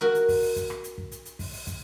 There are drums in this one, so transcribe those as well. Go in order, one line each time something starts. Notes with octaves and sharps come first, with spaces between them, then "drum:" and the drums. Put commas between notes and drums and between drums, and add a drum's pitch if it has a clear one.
F#4 A#4
drum: hi-hat
drum: kick, open hi-hat
drum: open hi-hat
drum: kick, hi-hat
drum: rim click
drum: hi-hat
drum: kick
drum: hi-hat
drum: hi-hat
drum: kick, open hi-hat
drum: open hi-hat
drum: kick, hi-hat